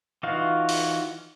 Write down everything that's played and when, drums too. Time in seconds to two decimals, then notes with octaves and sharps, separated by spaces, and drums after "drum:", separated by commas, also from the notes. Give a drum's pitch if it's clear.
0.23 E3 D#4 F4 F#4 F5
0.69 drum: open hi-hat